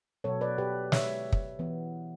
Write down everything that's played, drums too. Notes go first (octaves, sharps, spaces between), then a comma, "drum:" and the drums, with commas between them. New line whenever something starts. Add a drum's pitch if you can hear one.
B2 F#3 B3 A4 C#5
B4 D5
G4 B4
C#5 E5, drum: snare
drum: kick
E3 B3